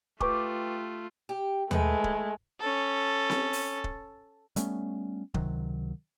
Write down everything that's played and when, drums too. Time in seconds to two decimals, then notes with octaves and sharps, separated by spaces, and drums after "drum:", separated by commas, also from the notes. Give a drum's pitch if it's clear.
0.20 A3 F4 G4 B4 C#6 D6, drum: kick D#1
1.29 G4
1.71 D#3 G#3 A3 B4, drum: tom D#2
2.04 drum: kick D#1
2.60 C#4 A4
3.30 drum: snare C4
3.53 drum: open hi-hat
3.84 drum: kick D#1
4.56 G3 A3 B3 C#4, drum: hi-hat
5.34 C#2 C3 D#3 F#3, drum: kick D#1